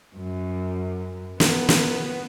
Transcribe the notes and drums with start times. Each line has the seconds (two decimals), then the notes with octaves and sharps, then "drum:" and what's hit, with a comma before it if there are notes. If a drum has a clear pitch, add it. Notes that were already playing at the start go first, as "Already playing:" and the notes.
0.17 F#2
1.40 B3, drum: snare
1.69 drum: snare